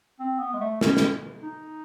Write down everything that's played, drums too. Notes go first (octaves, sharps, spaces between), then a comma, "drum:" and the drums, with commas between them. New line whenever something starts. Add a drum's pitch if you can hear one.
C4
B3
G#3
A3
C#4, drum: snare
drum: snare
D#4